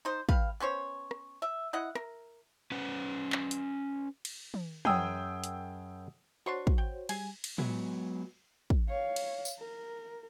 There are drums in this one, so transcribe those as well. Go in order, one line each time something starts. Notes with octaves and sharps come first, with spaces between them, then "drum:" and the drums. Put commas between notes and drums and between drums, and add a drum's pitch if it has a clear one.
D#4 C5
G3 B4 F5, drum: kick
B3 C#4 C5 C#5
drum: rim click
E5
E4 D#5 F#5
A#4, drum: rim click
C#4 B4 F#5
drum: clap
drum: hi-hat
drum: cymbal
drum: tom
F#2 G#4 G5 D#6 E6, drum: tom
drum: hi-hat
D4 F#4 C5 C#5 C6 C#6
drum: kick
G5
G3 G#4 G#5, drum: cymbal
drum: cymbal
F#3 G#3 B3, drum: tom
drum: kick
C#5 F5
drum: cymbal
drum: tambourine
A#4